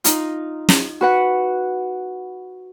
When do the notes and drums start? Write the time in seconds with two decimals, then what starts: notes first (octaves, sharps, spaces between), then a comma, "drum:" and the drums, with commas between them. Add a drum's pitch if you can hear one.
0.04 D#4 F4, drum: hi-hat
0.69 drum: snare
1.01 F#4 B4 F#5